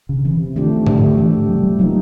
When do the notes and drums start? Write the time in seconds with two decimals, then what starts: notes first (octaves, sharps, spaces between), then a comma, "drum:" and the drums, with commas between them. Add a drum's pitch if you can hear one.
0.09 C#3
0.25 C3 E3
0.56 D#3 F3 A3 D4 G4
0.87 D3 A3, drum: tom G#2
1.17 E3 D4 G4
1.48 C3 F#3
1.63 G3
1.79 F3 F#3 A#3 D#4